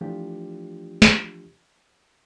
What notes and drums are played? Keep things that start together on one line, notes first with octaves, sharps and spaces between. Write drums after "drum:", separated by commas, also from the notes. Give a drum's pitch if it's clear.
E3 F3 A3 D4 F4 G4
drum: snare